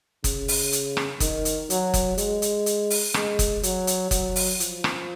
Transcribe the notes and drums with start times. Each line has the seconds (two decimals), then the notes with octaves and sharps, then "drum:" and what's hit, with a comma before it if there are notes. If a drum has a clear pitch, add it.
0.24 C#3, drum: kick F#1, hi-hat
0.48 drum: open hi-hat
0.72 drum: hi-hat
0.97 drum: rim click
1.20 D#3, drum: kick F#1, hi-hat
1.45 drum: hi-hat
1.70 F#3, drum: hi-hat
1.94 drum: kick F#1, hi-hat
2.18 G#3, drum: hi-hat
2.42 drum: hi-hat
2.66 drum: hi-hat
2.90 drum: open hi-hat
3.14 G#3, drum: rim click
3.39 drum: kick F#1, hi-hat
3.63 F#3, drum: hi-hat
3.87 drum: hi-hat
4.11 F#3, drum: kick F#1, hi-hat
4.36 drum: open hi-hat
4.60 F3, drum: hi-hat
4.84 drum: rim click